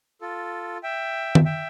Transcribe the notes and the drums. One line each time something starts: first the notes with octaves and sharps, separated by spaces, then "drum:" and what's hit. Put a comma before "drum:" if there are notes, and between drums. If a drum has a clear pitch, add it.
F4 A4
E5 G5
drum: tom
E5 G5